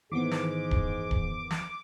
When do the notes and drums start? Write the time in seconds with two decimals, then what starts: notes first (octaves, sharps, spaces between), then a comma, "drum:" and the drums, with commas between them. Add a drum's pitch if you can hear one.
0.12 G#2 D#3 E3 B3 G#4 D6
0.31 drum: snare
0.71 drum: kick D1
1.11 drum: kick D1
1.51 drum: snare